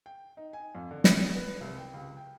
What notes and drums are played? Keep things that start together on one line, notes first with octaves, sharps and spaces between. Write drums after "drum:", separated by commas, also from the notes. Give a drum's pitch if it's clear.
G5
D#4
G#5
F2
D3
B5, drum: snare
B2
B4
C2
G5
C#2
G5